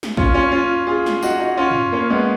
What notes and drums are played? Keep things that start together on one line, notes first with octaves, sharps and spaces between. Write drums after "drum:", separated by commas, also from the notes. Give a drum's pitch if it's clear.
drum: snare
C#4 F4, drum: kick A1
C#4 F4
C#4 F4
F4 G#4
drum: snare
D#4 F#4, drum: tambourine
D#4 F#4
C#4 F4
drum: tom
A#3 C#4
G#3 B3